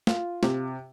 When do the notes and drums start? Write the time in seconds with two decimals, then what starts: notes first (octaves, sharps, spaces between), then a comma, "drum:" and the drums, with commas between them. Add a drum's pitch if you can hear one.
0.07 F4, drum: snare
0.43 C3, drum: snare